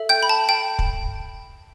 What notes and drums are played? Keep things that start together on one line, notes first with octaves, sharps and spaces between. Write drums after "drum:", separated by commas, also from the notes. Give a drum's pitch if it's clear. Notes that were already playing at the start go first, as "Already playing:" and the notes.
Already playing: A4 E5
G5 G6
B5
A5
G5
drum: kick